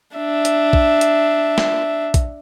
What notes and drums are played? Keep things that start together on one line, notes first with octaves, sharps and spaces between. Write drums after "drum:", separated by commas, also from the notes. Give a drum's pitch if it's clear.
D4 E5
drum: hi-hat
drum: kick A#1
drum: hi-hat
drum: snare
drum: kick A#1, hi-hat